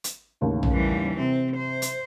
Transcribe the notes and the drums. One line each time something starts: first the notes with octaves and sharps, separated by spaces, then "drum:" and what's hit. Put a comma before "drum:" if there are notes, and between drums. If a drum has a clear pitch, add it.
drum: hi-hat
A1 D#2 C#3
drum: tom A#1
E3 G3
C3 C4
C5
drum: hi-hat